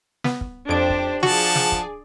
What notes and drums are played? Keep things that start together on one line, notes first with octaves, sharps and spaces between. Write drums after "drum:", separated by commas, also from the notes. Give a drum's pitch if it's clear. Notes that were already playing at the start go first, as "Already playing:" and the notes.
B3, drum: snare
drum: kick
F2 D4 G4 C5 D7
drum: kick
F3 F#4 G#4 D5 F#5 A5, drum: snare
drum: snare
drum: kick